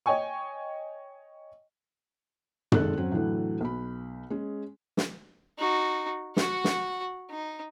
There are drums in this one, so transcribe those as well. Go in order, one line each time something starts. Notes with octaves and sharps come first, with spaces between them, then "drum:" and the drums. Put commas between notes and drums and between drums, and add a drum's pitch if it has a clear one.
C#5 D#5 G5 G#5 C#6
G#1 C3 D#3 G#3 A4 F#6, drum: tom
F#3 C4 C#4
A2 D3 E3 F#3 A3
B1 B5
G#3 C#4 G#4
drum: snare
D#4 F#4
F#4 F#5, drum: snare
drum: snare
D#4